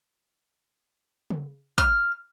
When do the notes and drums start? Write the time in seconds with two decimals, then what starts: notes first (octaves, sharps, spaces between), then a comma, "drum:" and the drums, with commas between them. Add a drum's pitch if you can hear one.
1.30 drum: tom C#3
1.78 F6, drum: kick